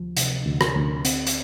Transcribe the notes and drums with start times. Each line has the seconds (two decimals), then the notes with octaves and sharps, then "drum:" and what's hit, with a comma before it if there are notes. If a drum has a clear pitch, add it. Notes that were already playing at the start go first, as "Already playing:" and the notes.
Already playing: D2 F3
0.17 C3, drum: hi-hat
0.46 D2
0.61 drum: rim click
0.75 D2
1.05 C4, drum: hi-hat
1.27 drum: hi-hat